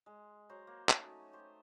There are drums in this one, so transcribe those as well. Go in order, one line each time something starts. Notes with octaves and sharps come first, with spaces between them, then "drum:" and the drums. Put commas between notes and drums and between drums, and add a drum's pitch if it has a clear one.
G#3
F#3 C5 A#5
A#3
A3 C#4 D#4 A4, drum: clap
F#4
G4 C5